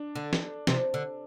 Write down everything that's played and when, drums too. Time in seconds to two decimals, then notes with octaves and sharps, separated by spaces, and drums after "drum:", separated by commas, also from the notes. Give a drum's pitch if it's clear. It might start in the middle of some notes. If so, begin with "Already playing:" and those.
Already playing: D4
0.15 D3
0.33 drum: snare
0.67 C3, drum: snare
0.94 D3